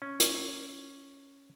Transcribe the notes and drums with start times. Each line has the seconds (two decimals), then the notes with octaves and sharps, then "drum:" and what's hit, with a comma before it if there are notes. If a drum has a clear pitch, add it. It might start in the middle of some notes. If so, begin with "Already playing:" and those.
0.02 C#4
0.20 drum: hi-hat